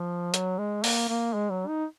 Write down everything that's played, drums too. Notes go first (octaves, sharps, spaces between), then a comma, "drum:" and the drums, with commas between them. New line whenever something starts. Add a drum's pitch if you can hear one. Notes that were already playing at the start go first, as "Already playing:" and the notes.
Already playing: F3
F#3, drum: hi-hat
G#3
A#3, drum: open hi-hat
A#3
G#3
F#3
D#4